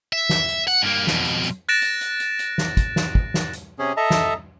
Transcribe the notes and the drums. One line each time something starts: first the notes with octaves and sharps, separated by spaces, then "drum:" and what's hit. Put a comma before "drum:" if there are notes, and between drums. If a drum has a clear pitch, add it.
E5
drum: snare
drum: hi-hat
F#5, drum: hi-hat
G2 A#3
F2 B2, drum: snare
drum: hi-hat
drum: hi-hat
F#6 A6 A#6 D7 E7
drum: hi-hat
drum: hi-hat
drum: hi-hat
drum: hi-hat
drum: snare
drum: kick, hi-hat
drum: snare
drum: kick
drum: snare
drum: hi-hat
C3 C#4 G#4
A4 D#5 E5 A5 A#5
drum: snare